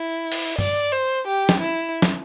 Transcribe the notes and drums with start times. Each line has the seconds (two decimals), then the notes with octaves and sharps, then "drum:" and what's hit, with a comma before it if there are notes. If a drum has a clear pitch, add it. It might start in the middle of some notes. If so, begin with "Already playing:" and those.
Already playing: E4
0.32 drum: open hi-hat
0.58 D5, drum: tom G2
0.92 C5
1.28 G4
1.49 drum: snare
1.61 E4
2.02 drum: snare